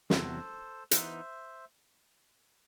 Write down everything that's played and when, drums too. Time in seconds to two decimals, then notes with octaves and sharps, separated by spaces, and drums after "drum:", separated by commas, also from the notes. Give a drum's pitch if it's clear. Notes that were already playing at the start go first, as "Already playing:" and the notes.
0.10 E2 C3 F#3 A4 C5, drum: snare
0.91 E3 B3 D#4 C5 E5, drum: hi-hat